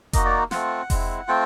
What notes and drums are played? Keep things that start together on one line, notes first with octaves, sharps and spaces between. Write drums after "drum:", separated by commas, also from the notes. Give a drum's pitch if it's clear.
A#3 D#4 F#4 D#5, drum: kick F1, hi-hat
D5
A3 C4 F4 F#5, drum: snare
G#3 C4 E4, drum: kick F1, open hi-hat
A3 C4 F4 G5